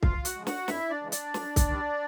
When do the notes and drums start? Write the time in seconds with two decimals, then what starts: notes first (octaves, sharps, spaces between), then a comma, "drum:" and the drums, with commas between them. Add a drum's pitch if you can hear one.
0.03 D2 F4 F5, drum: kick C2
0.25 F#4 F#5, drum: hi-hat
0.35 C#3 F3 G#3
0.47 F#4 F#5, drum: snare
0.68 F2 E4 E5, drum: snare
0.90 D4 D5
1.01 C#3 E3 G#3
1.12 D4 D5, drum: hi-hat
1.34 F#2, drum: snare
1.56 drum: kick C2, hi-hat
1.67 D#3 G3